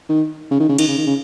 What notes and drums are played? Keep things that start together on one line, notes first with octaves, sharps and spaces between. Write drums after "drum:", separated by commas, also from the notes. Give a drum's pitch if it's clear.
D#3
C#3
D#3
C#3
D#3, drum: cymbal
C#3
D#3
C#3